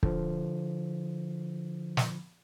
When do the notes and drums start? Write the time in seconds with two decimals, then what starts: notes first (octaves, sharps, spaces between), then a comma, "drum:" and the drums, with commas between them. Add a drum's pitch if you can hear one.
0.03 D3 F3, drum: kick
1.97 drum: snare